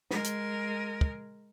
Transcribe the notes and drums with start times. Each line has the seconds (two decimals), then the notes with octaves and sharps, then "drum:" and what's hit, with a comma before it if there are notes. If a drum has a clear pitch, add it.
0.11 G#3 A#4, drum: snare
0.24 drum: hi-hat
1.01 drum: kick